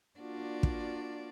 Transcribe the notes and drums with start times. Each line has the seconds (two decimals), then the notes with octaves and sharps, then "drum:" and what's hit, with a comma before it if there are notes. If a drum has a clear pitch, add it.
0.20 A#3 D4 F4 F#4 D5
0.63 drum: kick